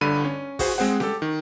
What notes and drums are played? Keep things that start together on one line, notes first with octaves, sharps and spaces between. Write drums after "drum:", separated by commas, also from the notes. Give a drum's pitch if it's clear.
G1 G2 D3 B5 D#7
C#4
F#4 G#4 C5, drum: kick, open hi-hat
G#3 C4 G#4 C5 F#5
G4 A4, drum: snare C#4
D#3